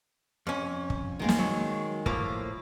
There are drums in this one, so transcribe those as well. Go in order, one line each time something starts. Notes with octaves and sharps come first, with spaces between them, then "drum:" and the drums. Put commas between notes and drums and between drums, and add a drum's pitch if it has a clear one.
F2 C#4
drum: kick
D#3 G#3 A#3
drum: snare
F#3
A2 F3 A#3, drum: kick